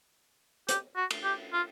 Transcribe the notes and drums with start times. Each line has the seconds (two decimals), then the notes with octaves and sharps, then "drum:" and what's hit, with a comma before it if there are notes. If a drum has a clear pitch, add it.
0.69 G4, drum: hi-hat
0.96 F#4
1.11 drum: cymbal
1.24 G4
1.53 F4